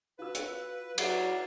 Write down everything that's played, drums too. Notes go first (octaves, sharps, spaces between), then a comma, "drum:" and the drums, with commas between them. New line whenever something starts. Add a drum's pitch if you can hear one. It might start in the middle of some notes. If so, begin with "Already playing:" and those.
F4 F#4 B4 E6
drum: hi-hat
F#3 G4 B4 D5 E5 A6 C7, drum: cymbal